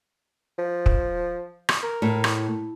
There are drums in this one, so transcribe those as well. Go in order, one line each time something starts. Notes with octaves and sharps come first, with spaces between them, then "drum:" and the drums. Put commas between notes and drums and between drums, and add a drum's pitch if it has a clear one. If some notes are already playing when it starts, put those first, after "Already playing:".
F3
drum: kick
drum: rim click
A#4
A2
drum: rim click